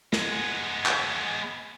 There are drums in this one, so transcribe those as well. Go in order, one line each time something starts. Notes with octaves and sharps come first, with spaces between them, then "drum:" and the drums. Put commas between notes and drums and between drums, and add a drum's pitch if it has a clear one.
G#3 B3, drum: snare
drum: clap